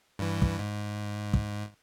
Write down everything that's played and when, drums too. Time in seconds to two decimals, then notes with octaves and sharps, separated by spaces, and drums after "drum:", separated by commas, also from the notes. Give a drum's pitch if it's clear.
0.19 G2 E3
0.42 drum: kick
0.59 G#2
1.34 drum: kick